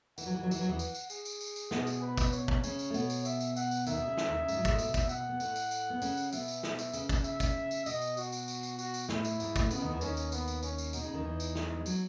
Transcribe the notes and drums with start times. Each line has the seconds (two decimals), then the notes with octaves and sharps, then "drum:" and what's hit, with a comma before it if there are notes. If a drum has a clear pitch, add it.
0.18 E3 F#5, drum: tambourine
0.26 F#3
0.34 E3
0.43 F#3
0.51 E3, drum: tambourine
0.61 F#3
0.69 E2 E3
0.79 drum: tambourine
0.95 drum: tambourine
1.10 G#4, drum: tambourine
1.25 drum: tambourine
1.41 drum: tambourine
1.56 drum: tambourine
1.71 B2 B3, drum: snare
1.87 drum: tambourine
2.02 B4
2.18 drum: kick, tambourine
2.33 C#5, drum: tambourine
2.48 drum: kick
2.64 C#3 C#4, drum: tambourine
2.79 drum: tambourine
2.90 A3
2.94 B2 B3, drum: tambourine
3.10 drum: tambourine
3.25 E5, drum: tambourine
3.40 drum: tambourine
3.56 F#5, drum: tambourine
3.71 drum: tambourine
3.87 D#2 D#3 E5, drum: tambourine
3.96 B2
4.08 C#3
4.17 drum: snare
4.27 D#2 D#3
4.38 C#3
4.48 G#2 G#3, drum: tambourine
4.57 F#3
4.65 G#3, drum: kick, tambourine
4.72 A3
4.79 B2 B3, drum: tambourine
4.94 drum: kick, tambourine
5.09 F#5, drum: tambourine
5.29 B3
5.40 A2 A3, drum: tambourine
5.56 drum: tambourine
5.71 drum: tambourine
5.90 B3
6.02 C#3 C#4, drum: tambourine
6.17 drum: tambourine
6.33 B2 B3 E5, drum: tambourine
6.48 drum: tambourine
6.63 drum: snare
6.79 drum: tambourine
6.93 C#3, drum: tambourine
7.09 drum: kick, tambourine
7.24 E5, drum: tambourine
7.40 drum: kick, tambourine
7.71 drum: tambourine
7.86 B2 D#5, drum: tambourine
8.02 drum: tambourine
8.17 F#4, drum: tambourine
8.32 drum: tambourine
8.48 drum: tambourine
8.63 drum: tambourine
8.79 F#4, drum: tambourine
8.94 drum: tambourine
9.09 A2 E4, drum: snare
9.25 drum: tambourine
9.40 G#2, drum: tambourine
9.56 A2, drum: kick, tambourine
9.71 C#3 B3, drum: tambourine
9.81 D#2 D#3
9.91 E2 E3
10.01 D#2 D#3 C#4, drum: tambourine
10.17 drum: tambourine
10.32 B3, drum: tambourine
10.48 drum: tambourine
10.63 C#4, drum: tambourine
10.78 drum: tambourine
10.93 B2 D#4, drum: tambourine
11.04 C#3
11.14 D#2 D#3
11.24 E2 E3
11.40 drum: tambourine
11.55 drum: snare
11.77 G#3
11.86 F#3, drum: tambourine